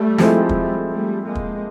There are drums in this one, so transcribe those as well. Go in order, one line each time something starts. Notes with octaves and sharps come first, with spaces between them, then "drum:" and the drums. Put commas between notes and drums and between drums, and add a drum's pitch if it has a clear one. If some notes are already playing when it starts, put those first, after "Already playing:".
Already playing: G3 A3
F3 G#3 C4 E4 A4, drum: snare
drum: kick
G3 A3
G#3 A#3
drum: kick